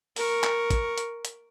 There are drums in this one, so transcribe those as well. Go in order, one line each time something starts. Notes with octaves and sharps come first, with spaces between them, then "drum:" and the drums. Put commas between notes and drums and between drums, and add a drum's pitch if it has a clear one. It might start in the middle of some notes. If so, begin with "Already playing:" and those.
A#4 C#6, drum: open hi-hat
drum: clap
drum: kick, hi-hat
drum: hi-hat
drum: hi-hat